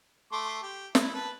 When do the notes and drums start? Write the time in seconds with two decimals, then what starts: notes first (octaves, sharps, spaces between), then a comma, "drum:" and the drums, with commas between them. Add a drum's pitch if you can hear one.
0.32 A3 C6 D6
0.63 G4
0.95 E4, drum: snare
1.14 B4 A5